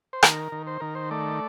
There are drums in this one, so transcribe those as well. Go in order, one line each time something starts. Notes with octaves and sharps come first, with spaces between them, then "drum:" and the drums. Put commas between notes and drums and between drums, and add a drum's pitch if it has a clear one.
C5
D#3 A#4, drum: rim click
D#3
C5
D#3 A#4
C5
A3 D5